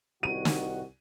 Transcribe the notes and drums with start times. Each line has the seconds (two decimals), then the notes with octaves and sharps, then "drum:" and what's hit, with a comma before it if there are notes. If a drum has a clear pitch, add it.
0.23 C2 D#3 F#4 D#7
0.45 drum: snare